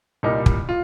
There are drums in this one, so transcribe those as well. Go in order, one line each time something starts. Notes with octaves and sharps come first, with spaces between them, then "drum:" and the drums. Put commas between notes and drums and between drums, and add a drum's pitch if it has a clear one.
C2 A#2 G3 D#4
drum: kick
F4